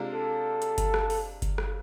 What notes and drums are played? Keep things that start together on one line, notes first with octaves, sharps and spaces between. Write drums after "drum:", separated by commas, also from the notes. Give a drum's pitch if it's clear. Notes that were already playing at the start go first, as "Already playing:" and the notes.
Already playing: C3 G#3 D4 F4
A4
drum: hi-hat
drum: kick G1, hi-hat
drum: rim click
drum: open hi-hat
drum: kick G1, hi-hat
drum: rim click